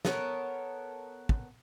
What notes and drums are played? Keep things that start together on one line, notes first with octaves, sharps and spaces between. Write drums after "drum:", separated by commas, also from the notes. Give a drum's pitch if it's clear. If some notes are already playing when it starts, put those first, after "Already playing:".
B3 A4 A#4 C#5, drum: snare
drum: kick